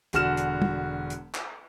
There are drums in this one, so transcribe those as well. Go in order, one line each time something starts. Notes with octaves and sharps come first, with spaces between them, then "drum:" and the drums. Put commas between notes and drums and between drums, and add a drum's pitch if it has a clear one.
E1 D3 F#4 F6 E7, drum: hi-hat
drum: hi-hat
drum: tom
drum: hi-hat
drum: clap